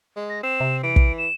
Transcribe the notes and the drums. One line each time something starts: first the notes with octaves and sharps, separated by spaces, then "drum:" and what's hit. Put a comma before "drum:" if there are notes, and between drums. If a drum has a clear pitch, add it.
G#3
A#6
C4 E7
C3
E3 D7
drum: kick
E7